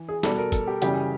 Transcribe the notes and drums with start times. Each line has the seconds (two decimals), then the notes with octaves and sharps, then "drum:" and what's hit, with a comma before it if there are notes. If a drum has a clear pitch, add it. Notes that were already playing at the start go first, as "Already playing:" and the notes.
Already playing: E3
0.09 G#4
0.23 B2 G3 A4, drum: snare
0.38 A#4
0.52 A4, drum: kick, hi-hat
0.67 G4
0.82 F#2 C#3 E3 G3 G4, drum: hi-hat